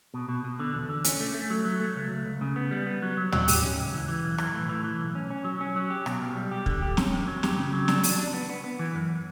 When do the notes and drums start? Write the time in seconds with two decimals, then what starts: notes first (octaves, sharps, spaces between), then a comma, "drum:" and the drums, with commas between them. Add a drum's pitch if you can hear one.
0.14 B2
0.29 B2
0.44 B2
0.60 D3
0.74 E2
0.89 D3
1.04 C#4, drum: hi-hat
1.20 A3
1.35 A3
1.50 F#3
1.65 F#3
1.80 A3
1.96 C#2
2.11 C#2
2.26 C#2
2.41 C#3
2.56 B3
2.71 G3
2.87 B3
3.02 F#3
3.17 F#3
3.32 F#3, drum: tom
3.48 G4, drum: open hi-hat
3.62 C#4
3.77 C#2
3.94 E3
4.08 E3
4.23 B1
4.38 E3, drum: rim click
4.54 A2
4.69 E3
4.84 E3
4.99 B1
5.15 C#4
5.30 C#4
5.44 F#3
5.61 C#4
5.76 F#3
5.90 G4
6.06 B2, drum: rim click
6.21 B1
6.36 G3
6.51 G4
6.66 D3, drum: kick
6.82 G4
6.97 C#4, drum: snare
7.12 F#2
7.27 F#3
7.43 G4, drum: snare
7.58 C#3
7.73 F#3
7.88 D4, drum: snare
8.03 D4, drum: open hi-hat
8.18 D4
8.34 B3
8.49 B3
8.64 B3
8.79 E3
8.95 F#2